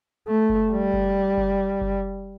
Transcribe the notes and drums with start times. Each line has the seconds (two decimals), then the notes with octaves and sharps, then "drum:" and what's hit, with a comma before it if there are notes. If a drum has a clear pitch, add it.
0.28 A3
0.49 drum: kick F#1
0.71 G3
0.93 drum: kick F#1
1.37 drum: kick F#1
1.81 drum: kick F#1